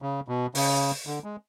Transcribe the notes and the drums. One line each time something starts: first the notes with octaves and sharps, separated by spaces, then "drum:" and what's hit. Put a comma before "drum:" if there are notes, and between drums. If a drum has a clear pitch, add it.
C#3
B2
C#3, drum: open hi-hat
D3
G#3